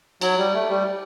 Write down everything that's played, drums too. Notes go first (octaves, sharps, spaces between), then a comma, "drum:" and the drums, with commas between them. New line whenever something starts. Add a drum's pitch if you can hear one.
F#3, drum: cymbal
G3
A3
G3